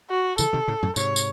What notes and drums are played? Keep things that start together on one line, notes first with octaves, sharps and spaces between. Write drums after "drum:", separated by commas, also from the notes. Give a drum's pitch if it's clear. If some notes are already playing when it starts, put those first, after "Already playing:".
F#4
C#3 E3 A4, drum: tambourine
C3 D#3
A2 C#3
F#2 A2
G#2 C3 C#5, drum: tambourine
drum: tambourine